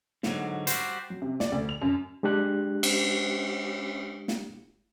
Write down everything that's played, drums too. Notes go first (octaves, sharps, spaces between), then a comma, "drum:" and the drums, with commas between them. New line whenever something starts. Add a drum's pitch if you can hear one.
G#2 D3 F#3, drum: snare
G3 F#4 C5, drum: hi-hat
F#3
C3
D5, drum: snare
D2
F7
F#2
G#3 D4 G4 F#6
drum: cymbal
drum: snare